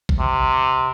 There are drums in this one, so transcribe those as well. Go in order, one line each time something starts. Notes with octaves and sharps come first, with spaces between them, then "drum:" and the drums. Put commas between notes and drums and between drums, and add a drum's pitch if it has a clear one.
drum: kick A1
C3